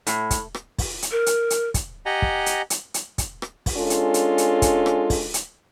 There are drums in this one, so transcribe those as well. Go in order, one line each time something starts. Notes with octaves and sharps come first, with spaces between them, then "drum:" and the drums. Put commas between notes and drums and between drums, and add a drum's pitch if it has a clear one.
A2, drum: hi-hat
drum: kick, hi-hat
drum: rim click
drum: kick, open hi-hat
drum: hi-hat
A#4
drum: hi-hat
drum: hi-hat
drum: kick, hi-hat
G4 D#5 F#5 G#5 A#5
drum: kick
drum: hi-hat
drum: hi-hat
drum: hi-hat
drum: kick, hi-hat
drum: rim click
drum: kick, open hi-hat
G#3 C#4 D4 F4 A4
drum: hi-hat
drum: hi-hat
drum: hi-hat
drum: kick, hi-hat
drum: rim click
drum: kick, open hi-hat
drum: hi-hat